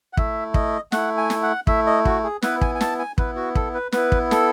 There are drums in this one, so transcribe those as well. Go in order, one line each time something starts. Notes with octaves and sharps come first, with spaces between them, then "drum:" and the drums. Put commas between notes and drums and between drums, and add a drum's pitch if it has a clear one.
F#5
A3 E4 E5, drum: kick
D#5, drum: kick
A3 E4 F#5, drum: snare
G#5
drum: snare
F#5
A3 E4 E5, drum: kick
D#5
F#4, drum: kick
G#4
B3 E4 B4, drum: snare
G#5, drum: kick
G#5
A5, drum: snare
G#5
B3 E4 B4, drum: kick
F#4
A4, drum: kick
B4
B3 E4 B4, drum: snare
drum: kick
A4, drum: snare